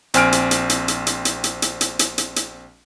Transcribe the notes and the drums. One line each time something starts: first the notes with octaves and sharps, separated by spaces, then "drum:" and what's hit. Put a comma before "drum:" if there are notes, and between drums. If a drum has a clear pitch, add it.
A#1 C4 G#5 F6 D7, drum: hi-hat
drum: hi-hat
drum: hi-hat
drum: hi-hat
drum: hi-hat
drum: hi-hat
drum: hi-hat
drum: hi-hat
drum: hi-hat
drum: hi-hat
drum: hi-hat
drum: hi-hat
drum: hi-hat